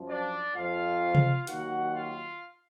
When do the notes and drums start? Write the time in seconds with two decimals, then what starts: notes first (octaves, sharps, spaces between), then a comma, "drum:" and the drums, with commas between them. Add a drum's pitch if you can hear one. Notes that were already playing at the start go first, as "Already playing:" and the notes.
Already playing: F#2 F3
0.09 D4 D5
0.55 F2 F3 F4 F5
1.15 drum: tom C3
1.47 D#2 D#3 F#3 F#4 F#5, drum: hi-hat
1.94 F4 F5